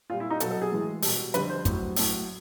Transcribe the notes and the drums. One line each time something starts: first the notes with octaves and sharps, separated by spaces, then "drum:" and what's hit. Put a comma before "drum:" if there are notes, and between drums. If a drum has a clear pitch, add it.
A#2 G3 F4
E4
D#4
B2 F#3 A4, drum: hi-hat
A4
G#4
A2 E3 G#3
B2 G3, drum: open hi-hat
F2 D3 G3 B4, drum: hi-hat
C5
A2 F#3, drum: kick, hi-hat
A2 F#3, drum: open hi-hat